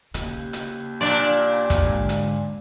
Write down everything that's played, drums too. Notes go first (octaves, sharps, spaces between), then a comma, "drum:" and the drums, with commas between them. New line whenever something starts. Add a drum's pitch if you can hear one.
D#2 C#3, drum: hi-hat
drum: hi-hat
A#2 D4 D5
drum: kick, hi-hat
G#2 D3
drum: hi-hat